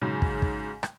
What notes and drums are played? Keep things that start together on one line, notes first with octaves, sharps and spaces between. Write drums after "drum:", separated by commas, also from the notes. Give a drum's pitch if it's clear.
G#2 C#3 F#3
drum: kick
drum: kick
drum: rim click